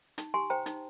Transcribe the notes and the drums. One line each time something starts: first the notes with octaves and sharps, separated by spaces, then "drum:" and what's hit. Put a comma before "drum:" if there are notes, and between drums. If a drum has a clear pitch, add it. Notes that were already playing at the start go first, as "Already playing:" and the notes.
D#4, drum: hi-hat
G4 G#5 C6
C5 G5 A#5
D#4, drum: hi-hat